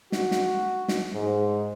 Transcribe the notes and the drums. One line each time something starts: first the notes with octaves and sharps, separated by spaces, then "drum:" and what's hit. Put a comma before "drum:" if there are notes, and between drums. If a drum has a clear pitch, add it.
F#4, drum: snare
drum: snare
drum: snare
G#2